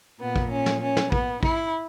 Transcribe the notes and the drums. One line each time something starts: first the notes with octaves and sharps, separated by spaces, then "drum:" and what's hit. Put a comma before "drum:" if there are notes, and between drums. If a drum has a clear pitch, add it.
A#2 B3
drum: kick
C#4
drum: snare
C#4
drum: snare
B3, drum: kick
E4, drum: kick